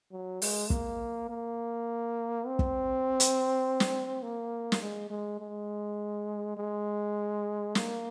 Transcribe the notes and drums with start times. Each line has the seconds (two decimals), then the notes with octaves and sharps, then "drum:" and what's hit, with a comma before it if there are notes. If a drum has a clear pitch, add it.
0.12 F#3
0.42 G#3, drum: open hi-hat
0.70 A#3, drum: kick
1.29 A#3
2.47 C4
2.59 drum: kick
3.20 drum: hi-hat
3.80 drum: snare
4.23 A#3
4.72 drum: snare
4.81 G#3
5.10 G#3
5.40 G#3
6.57 G#3
7.75 A#3, drum: snare